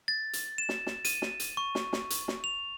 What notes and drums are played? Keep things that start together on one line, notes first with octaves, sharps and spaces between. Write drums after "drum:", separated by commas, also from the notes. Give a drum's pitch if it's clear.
A6
drum: hi-hat
E7
drum: snare
drum: snare
D#7, drum: hi-hat
drum: snare
drum: hi-hat
C#6
drum: snare
drum: snare
drum: hi-hat
drum: snare
F7